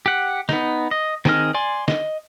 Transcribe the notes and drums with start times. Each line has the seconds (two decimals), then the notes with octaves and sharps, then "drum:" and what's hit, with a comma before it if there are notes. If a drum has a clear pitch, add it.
0.06 G4 F#5
0.49 B3 D#4, drum: snare
0.91 D#5
1.25 D#3 C4 G#4 D#5 F6, drum: snare
1.54 D5 G#5 C6
1.88 D#5, drum: snare